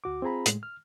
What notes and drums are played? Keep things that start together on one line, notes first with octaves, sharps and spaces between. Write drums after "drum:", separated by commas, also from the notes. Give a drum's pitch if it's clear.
D2 F#4 D6
C4 F4 G#4 A#5 B5
A2 G#3, drum: hi-hat
F6